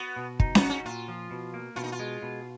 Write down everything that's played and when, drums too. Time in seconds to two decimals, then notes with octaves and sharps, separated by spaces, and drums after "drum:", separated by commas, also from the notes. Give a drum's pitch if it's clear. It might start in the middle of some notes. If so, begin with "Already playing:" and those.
Already playing: B3 F#4
0.16 B2
0.40 D#4, drum: kick
0.55 B3, drum: snare C#4
0.62 F#4
0.70 C#4
0.85 A#2 F4
1.08 F3
1.31 B2
1.54 A#3
1.76 B2 F4
1.83 D#4
1.92 F4
1.99 G#3
2.22 B2